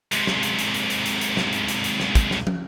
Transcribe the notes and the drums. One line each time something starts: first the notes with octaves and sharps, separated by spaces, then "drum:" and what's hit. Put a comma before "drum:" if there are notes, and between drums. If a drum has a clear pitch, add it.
G#2 C3, drum: hi-hat
drum: snare
drum: hi-hat
drum: hi-hat
drum: hi-hat
drum: hi-hat
drum: hi-hat
drum: hi-hat
drum: snare
drum: hi-hat
drum: hi-hat
drum: hi-hat
drum: snare
drum: kick, hi-hat
drum: snare
drum: tom